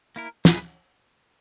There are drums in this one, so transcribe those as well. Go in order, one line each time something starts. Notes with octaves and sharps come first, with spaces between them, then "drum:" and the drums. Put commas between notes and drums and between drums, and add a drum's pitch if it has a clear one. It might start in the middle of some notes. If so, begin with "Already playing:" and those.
A#3 E4 A#4
A#3 D#4 G#4 B4, drum: snare